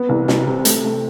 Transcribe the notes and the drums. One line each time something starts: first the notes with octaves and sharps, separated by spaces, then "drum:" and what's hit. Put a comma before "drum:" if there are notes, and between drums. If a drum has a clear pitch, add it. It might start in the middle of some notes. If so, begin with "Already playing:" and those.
Already playing: B3
C2
C2, drum: snare
C3
A3, drum: hi-hat
A3